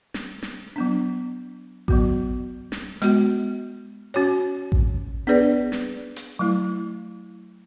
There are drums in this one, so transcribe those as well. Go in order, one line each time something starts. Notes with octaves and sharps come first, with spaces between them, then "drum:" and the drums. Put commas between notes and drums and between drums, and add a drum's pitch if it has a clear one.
drum: snare
drum: snare
F#3 B3 D4
F#3 B3 F#4, drum: kick A1
drum: snare
G#3 B3 F#4, drum: hi-hat
C#4 F#4 C#5
drum: kick A1
B3 D4 G#4 B4 D5
drum: snare
drum: hi-hat
F#3 A3 E4